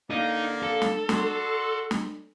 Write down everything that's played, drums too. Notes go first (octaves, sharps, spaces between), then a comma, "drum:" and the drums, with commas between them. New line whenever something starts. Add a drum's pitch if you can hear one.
D3 A#3 D#4
A4
drum: snare
F#4 D5 C6, drum: snare
drum: snare